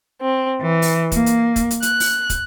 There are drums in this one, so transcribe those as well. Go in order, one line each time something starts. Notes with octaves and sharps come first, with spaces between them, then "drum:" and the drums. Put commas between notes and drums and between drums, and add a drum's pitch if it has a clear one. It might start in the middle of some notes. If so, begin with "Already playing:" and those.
C4
E3
drum: open hi-hat
A#3, drum: kick, hi-hat
drum: hi-hat
drum: kick, hi-hat
drum: hi-hat
F#6, drum: hi-hat
drum: open hi-hat
drum: kick, hi-hat